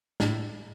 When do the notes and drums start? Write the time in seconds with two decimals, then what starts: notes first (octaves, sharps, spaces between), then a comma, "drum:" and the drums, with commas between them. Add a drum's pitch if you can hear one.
0.20 A2, drum: snare